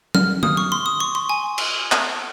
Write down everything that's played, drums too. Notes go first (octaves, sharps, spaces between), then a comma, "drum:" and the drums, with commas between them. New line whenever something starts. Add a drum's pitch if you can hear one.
F6, drum: tom
D#6, drum: tom
C#6
C6
D#6
C#6
C6
G#5
drum: cymbal
drum: clap